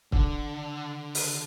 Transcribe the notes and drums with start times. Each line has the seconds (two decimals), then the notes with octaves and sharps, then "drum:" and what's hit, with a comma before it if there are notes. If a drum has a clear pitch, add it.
0.12 D3, drum: kick C#1
1.15 drum: open hi-hat